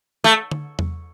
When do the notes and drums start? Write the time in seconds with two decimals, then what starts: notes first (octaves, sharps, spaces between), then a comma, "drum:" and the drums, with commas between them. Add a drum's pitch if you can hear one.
0.24 A3
0.51 drum: tom D3
0.79 drum: tom E2